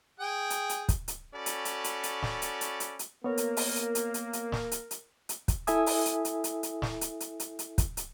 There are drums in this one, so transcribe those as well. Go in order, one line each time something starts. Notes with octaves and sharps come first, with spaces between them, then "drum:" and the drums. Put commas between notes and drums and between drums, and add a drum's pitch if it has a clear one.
G#4 G5
drum: hi-hat
drum: hi-hat
drum: kick, hi-hat
drum: hi-hat
C#4 F#4 A4 D5 B5
drum: hi-hat
drum: hi-hat
drum: hi-hat
drum: hi-hat
drum: snare
drum: hi-hat
drum: hi-hat
drum: hi-hat
drum: hi-hat
A#3 B3 A#4 C#5
drum: hi-hat
drum: open hi-hat
drum: hi-hat
drum: hi-hat
drum: hi-hat
drum: hi-hat
drum: snare
drum: hi-hat
drum: hi-hat
drum: hi-hat
drum: kick, hi-hat
E4 A4 E5 G#5 D#6, drum: hi-hat
drum: open hi-hat
drum: hi-hat
drum: hi-hat
drum: hi-hat
drum: hi-hat
drum: snare
drum: hi-hat
drum: hi-hat
drum: hi-hat
drum: hi-hat
drum: kick, hi-hat
drum: hi-hat